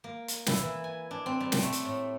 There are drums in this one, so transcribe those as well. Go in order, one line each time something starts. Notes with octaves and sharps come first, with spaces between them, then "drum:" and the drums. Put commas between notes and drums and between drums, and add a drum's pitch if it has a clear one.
A#3
drum: hi-hat
E4, drum: snare
E3
G#5
D4
C4
G3
drum: snare
A3
drum: hi-hat
A2